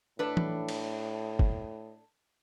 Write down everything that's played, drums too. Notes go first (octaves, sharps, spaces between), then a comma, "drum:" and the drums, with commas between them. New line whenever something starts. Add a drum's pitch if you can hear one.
A2 D4 A4 B4
drum: tom E3
drum: cymbal
drum: kick